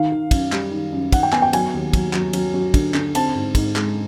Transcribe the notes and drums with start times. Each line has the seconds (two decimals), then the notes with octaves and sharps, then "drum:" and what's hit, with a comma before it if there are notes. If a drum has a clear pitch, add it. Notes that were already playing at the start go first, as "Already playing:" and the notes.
Already playing: D#3 F5
0.12 D#3
0.31 F#2, drum: kick, cymbal
0.52 G3, drum: clap
0.71 D#3
0.92 F#2
1.12 D#3 F#5, drum: kick, cymbal
1.23 G5
1.32 B3 G#5, drum: clap
1.42 G5
1.53 F#3 G#5, drum: cymbal
1.73 D#2
1.93 F#3, drum: kick, cymbal
2.13 F#3, drum: clap
2.33 F#3, drum: cymbal
2.54 F#3
2.74 D3, drum: kick, cymbal
2.94 D3, drum: clap
3.15 C4 A5, drum: cymbal
3.35 G#2
3.55 G#2, drum: kick, cymbal
3.76 G#3, drum: clap